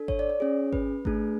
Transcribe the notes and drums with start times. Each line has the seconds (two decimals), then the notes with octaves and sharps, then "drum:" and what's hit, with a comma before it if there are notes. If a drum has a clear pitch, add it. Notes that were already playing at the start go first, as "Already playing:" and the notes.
Already playing: D4 A4
0.08 C#5, drum: kick G#1
0.19 D5
0.30 C#5
0.40 C#4 G#4
0.73 B4, drum: kick G#1
1.05 A3 D4 G#4, drum: kick G#1